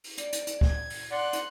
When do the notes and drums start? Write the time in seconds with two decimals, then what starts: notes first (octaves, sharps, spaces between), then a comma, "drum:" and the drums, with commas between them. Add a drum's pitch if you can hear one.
0.04 drum: open hi-hat
0.18 D5, drum: hi-hat
0.33 drum: hi-hat
0.47 drum: hi-hat
0.61 G#6, drum: kick
0.90 drum: open hi-hat
1.11 D5 F#5 C6 F#6
1.33 drum: hi-hat